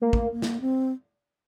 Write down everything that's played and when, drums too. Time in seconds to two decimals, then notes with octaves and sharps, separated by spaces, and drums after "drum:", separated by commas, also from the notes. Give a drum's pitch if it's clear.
0.01 A3 A#3
0.13 drum: kick
0.31 A#3
0.42 drum: snare
0.61 C4